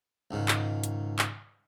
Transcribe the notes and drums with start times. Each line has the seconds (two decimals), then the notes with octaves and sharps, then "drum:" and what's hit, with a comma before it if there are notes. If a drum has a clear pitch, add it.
0.31 C#2 G#2 D#3
0.48 drum: clap
0.84 drum: hi-hat
1.19 drum: clap